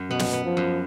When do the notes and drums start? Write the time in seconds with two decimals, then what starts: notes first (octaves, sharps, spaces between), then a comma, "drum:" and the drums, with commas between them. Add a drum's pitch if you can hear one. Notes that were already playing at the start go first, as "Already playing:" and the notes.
Already playing: F#2
0.10 B2 B3
0.19 drum: snare
0.33 B3
0.45 F3
0.57 F#2